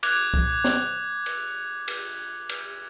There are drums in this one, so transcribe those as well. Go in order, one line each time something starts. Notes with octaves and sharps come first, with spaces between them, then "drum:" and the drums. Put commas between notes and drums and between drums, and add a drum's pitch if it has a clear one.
D6 F#6 G#6 F7, drum: cymbal
drum: kick C2
drum: snare
drum: cymbal
drum: cymbal
drum: cymbal